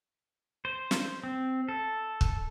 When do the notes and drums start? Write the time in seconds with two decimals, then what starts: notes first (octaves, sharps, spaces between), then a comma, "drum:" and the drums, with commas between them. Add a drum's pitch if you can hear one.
0.65 C5
0.91 drum: snare
1.24 C4
1.69 A4
2.21 drum: kick